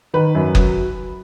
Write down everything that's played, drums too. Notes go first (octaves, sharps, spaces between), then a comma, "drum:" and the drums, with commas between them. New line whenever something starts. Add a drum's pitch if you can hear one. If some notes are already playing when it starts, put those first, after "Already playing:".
D#3 B4
F#2
F#3, drum: kick F#1